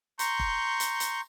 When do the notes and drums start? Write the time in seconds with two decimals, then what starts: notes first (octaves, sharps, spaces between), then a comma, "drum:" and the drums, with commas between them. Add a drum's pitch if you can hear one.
0.19 A#5 C6 C#6 G6, drum: hi-hat
0.39 drum: kick
0.80 drum: hi-hat
1.00 drum: hi-hat